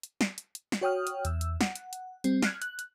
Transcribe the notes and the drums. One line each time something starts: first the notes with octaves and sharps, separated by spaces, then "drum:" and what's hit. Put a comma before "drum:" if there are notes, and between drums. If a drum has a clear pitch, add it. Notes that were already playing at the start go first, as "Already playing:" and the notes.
drum: hi-hat
drum: snare
drum: hi-hat
drum: hi-hat
drum: snare
F#4 C#5 G5 D#6 F6
drum: hi-hat
E2 E6, drum: hi-hat
drum: hi-hat
F#5, drum: snare
drum: hi-hat
drum: hi-hat
G3 C4, drum: hi-hat
F6 F#6 G#6, drum: snare
F#6, drum: hi-hat
drum: hi-hat